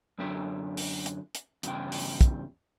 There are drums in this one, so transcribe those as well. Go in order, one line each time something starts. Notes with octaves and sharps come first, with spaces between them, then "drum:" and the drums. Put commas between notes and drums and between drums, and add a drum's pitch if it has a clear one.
F#2 D3 C4 E5 G5
drum: open hi-hat
drum: hi-hat
drum: hi-hat
E2 G2 C#3 G5, drum: hi-hat
drum: open hi-hat
drum: kick, hi-hat